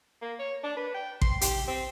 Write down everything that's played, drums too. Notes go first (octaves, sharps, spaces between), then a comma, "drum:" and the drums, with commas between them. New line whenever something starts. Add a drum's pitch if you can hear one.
A#3
C#5
D4
B4
G5
C6, drum: kick
G4, drum: hi-hat
C4